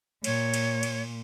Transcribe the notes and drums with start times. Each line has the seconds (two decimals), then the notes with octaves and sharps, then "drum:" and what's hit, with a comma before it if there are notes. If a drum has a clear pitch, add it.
0.24 A#2 C#5, drum: cymbal
0.54 drum: cymbal
0.83 drum: cymbal